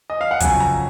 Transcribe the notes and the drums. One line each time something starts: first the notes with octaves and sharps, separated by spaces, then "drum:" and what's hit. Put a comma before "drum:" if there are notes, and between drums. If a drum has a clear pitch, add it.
D#5
F5
F#5
F2 C#3 F#3 G#5, drum: kick, hi-hat
A#5